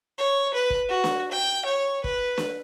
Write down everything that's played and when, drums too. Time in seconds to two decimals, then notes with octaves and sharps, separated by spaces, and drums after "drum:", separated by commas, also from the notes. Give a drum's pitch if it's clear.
0.18 C#5
0.54 B4
0.70 drum: kick
0.89 F#4
1.04 drum: snare
1.32 G5
1.65 C#5
2.04 B4, drum: kick
2.38 drum: snare